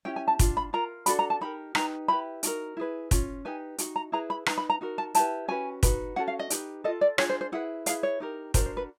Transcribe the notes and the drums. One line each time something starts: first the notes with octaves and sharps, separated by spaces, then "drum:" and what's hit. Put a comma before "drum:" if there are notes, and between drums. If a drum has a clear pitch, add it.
C#4 E4 G4 G5
G#5
A5
D4 F4, drum: kick, hi-hat
B5
F4 A#4 A#5
D4 F#4 A4 B5, drum: hi-hat
A#5
A5
D#4 G4 A#4 B5
D#4 G4 B4 A#5, drum: rim click
E4 G4 B4 B5
D#4 F#4 A#4, drum: hi-hat
E4 G#4 B4
C#4 F4, drum: kick, hi-hat
D#4 G4 B4 G#5
D#4 F#4, drum: hi-hat
A#5
E4 G#4 B4 A#5
B5
D#4 G#4 B4 A#5, drum: rim click
B5
A#5
D#4 F#4 A#4
A5
E4 G4 B4 A5, drum: hi-hat
C#4 F#4 B4 G#5
D#4 F#4 B4, drum: kick, hi-hat
C#4 F#4 A4 F#5
F5
D#5
D#4 G4 B4, drum: hi-hat
F4 A4 D#5
D5
D4 F4 G#4 C#5, drum: rim click
C5
C5
E4 G#4 B4 F#5
E4 G#4 B4 F5, drum: hi-hat
C#5
D#4 G4 A#4
D4 F#4 A#4 C5, drum: kick, hi-hat
C5
B4